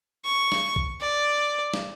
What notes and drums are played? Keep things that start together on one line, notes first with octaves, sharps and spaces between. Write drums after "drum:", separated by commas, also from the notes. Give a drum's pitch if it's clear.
C#6
drum: snare
drum: kick A#1
D5
drum: snare